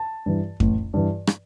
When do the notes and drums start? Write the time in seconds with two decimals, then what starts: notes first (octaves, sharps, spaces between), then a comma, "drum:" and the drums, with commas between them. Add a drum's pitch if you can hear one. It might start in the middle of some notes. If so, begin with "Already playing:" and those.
Already playing: A5
0.26 G2 E3
0.60 A1, drum: kick F2
0.93 G2 E3
1.27 drum: rim click